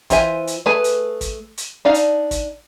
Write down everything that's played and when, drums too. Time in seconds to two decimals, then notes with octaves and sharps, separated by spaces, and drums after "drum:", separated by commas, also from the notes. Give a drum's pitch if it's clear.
0.10 E3 F4 C5 E5 G#5, drum: kick, hi-hat
0.47 drum: hi-hat
0.66 A3 G#4 B4 G#5 A5
0.84 drum: hi-hat
1.21 drum: kick, hi-hat
1.58 drum: hi-hat
1.85 D4 D#4 D5 F5 A5
1.94 drum: hi-hat
2.31 drum: kick, hi-hat